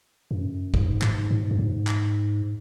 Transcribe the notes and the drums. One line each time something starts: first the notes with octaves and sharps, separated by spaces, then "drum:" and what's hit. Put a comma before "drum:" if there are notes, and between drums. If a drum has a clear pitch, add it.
F#2
G#2, drum: kick G1
G#2, drum: clap
G#2
F#2
G#2
drum: clap